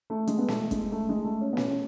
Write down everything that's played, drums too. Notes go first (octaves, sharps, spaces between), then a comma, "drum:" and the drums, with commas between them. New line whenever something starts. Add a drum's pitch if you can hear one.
A3
G#3, drum: hi-hat
B3
A3, drum: snare
G#3, drum: kick, hi-hat
A3
G#3
A3
C#4
B3
C#4, drum: snare